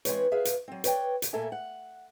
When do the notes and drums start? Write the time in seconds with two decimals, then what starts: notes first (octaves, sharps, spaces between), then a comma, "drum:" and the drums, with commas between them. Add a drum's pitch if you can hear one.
0.05 E3 G#3 C4 B4 C#5, drum: hi-hat
0.32 G#4 B4 E5 F5
0.45 drum: hi-hat
0.68 F#3 C4
0.84 B4 C#5 D5 G5, drum: hi-hat
1.22 drum: hi-hat
1.33 A#2 A3 A#3 A4 E5 G#5
1.52 F#5